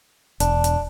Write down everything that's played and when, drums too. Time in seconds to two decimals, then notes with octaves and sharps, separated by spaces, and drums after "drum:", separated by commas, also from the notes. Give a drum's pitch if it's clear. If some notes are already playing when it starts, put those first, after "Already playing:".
0.40 E1 D4, drum: hi-hat
0.64 drum: hi-hat